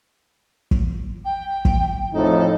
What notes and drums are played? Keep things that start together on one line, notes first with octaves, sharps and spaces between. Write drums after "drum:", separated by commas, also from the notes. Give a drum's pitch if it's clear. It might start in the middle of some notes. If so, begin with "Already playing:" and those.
drum: kick
G5
drum: kick
F2 A2 D#4 A4